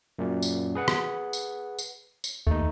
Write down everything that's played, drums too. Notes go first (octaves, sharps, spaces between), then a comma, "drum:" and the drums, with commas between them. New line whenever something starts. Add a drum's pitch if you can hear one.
F#2 A#2
drum: tambourine
G#4 B4 F#5
drum: rim click
drum: tambourine
drum: tambourine
drum: tambourine
D#2 A3 D#4